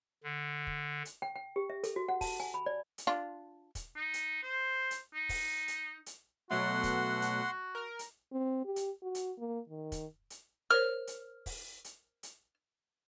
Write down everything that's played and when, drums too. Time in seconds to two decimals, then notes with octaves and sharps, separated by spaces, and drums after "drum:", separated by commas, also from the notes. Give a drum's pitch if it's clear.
0.24 D3
0.67 drum: kick
1.05 drum: hi-hat
1.22 G5
1.36 G5
1.56 G4
1.70 E5
1.84 A4, drum: hi-hat
1.96 F#4
2.08 F#5
2.21 A5, drum: kick, open hi-hat
2.40 G#5
2.54 B5
2.66 D5
2.98 drum: hi-hat
3.07 D4 F4
3.75 drum: kick, hi-hat
3.96 D#4
4.14 drum: hi-hat
4.43 C5
4.91 drum: hi-hat
5.14 D#4
5.29 drum: kick, open hi-hat
5.68 drum: hi-hat
6.06 drum: hi-hat
6.51 B2 F#3 A3 F#4 F#5 C6
6.83 drum: kick, hi-hat
7.22 drum: hi-hat
7.75 A#4
7.99 drum: hi-hat
8.33 C4
8.65 G4
8.76 drum: hi-hat
9.03 F#4
9.15 drum: hi-hat
9.38 A#3
9.69 D#3
9.92 drum: kick, hi-hat
10.30 drum: hi-hat
10.71 A#4 C5 C#5 F6
11.07 drum: hi-hat
11.46 drum: kick, open hi-hat
11.84 drum: hi-hat
12.23 drum: hi-hat